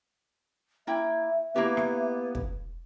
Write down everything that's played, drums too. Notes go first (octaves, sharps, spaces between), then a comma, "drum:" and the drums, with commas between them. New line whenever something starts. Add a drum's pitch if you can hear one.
A#3 E4 E5 G5
A#3 B3 E4 G4
drum: rim click
drum: kick